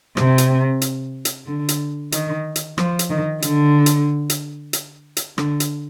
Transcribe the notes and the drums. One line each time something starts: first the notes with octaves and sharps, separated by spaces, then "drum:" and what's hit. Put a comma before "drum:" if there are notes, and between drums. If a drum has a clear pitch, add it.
C3, drum: rim click
drum: hi-hat
drum: hi-hat
drum: hi-hat
D3
drum: hi-hat
D#3, drum: hi-hat
drum: hi-hat
F3, drum: rim click
drum: hi-hat
D#3
D3, drum: hi-hat
drum: hi-hat
drum: hi-hat
drum: hi-hat
drum: hi-hat
D3, drum: rim click
drum: hi-hat